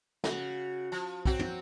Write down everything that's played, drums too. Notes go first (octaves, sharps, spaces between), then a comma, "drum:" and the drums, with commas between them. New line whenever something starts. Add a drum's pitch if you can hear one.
C#3 F#4, drum: snare
F3
F#3 C4 F#4, drum: kick
drum: tom